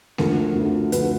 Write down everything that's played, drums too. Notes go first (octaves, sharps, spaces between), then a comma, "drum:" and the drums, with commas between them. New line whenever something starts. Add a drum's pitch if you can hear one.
D2 D3 F3 A3 A#4, drum: snare G#3
D2 D3 F3 A3
D2 D3 F3 A3 B4, drum: hi-hat